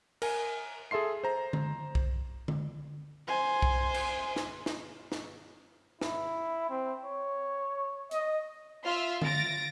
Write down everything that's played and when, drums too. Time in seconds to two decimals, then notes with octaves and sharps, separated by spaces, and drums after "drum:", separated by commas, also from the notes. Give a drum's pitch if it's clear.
0.22 A#4 G#5, drum: cymbal
0.91 G#4 A4 E5 C6 C7
1.24 C5 A#5
1.53 drum: tom D3
1.95 drum: kick B1
2.48 drum: tom D3
3.27 C5 G#5
3.62 drum: kick B1
3.94 drum: cymbal
4.36 drum: snare
4.66 drum: snare
5.12 drum: snare
6.01 E4, drum: snare
6.70 C4
7.04 C#5
8.11 D#5, drum: hi-hat
8.84 F4 E5 F5 C6 F6
9.22 A6 A#6 D7, drum: tom D3